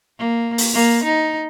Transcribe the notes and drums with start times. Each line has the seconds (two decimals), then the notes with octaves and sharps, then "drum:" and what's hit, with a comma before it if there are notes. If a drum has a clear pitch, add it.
0.19 A#3
0.58 drum: open hi-hat
0.74 A#3
1.04 D#4